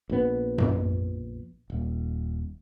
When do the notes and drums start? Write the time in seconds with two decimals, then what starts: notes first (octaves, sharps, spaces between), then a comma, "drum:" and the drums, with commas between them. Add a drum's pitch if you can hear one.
0.10 A#1 B3
0.58 drum: tom F#2
1.70 D#1